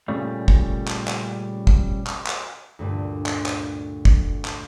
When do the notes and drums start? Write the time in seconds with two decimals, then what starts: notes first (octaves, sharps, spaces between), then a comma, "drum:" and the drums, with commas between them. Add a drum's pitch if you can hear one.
0.08 A#2 C#3 G3 A3
0.48 drum: kick
0.88 drum: clap
1.08 drum: clap
1.67 drum: kick
2.07 drum: clap
2.27 drum: clap
2.79 D2 G2 A#2
3.26 drum: clap
3.46 drum: clap
4.05 drum: kick
4.45 drum: clap